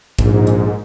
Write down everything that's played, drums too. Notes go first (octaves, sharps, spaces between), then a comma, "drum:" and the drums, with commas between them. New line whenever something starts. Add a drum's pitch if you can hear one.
A#1 G#2, drum: kick, hi-hat
drum: hi-hat